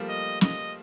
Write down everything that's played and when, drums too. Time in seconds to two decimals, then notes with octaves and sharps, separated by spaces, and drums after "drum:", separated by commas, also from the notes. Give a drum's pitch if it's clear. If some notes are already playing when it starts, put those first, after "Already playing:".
Already playing: F3 G3 A3 A#3
0.09 D#5
0.41 D#5, drum: snare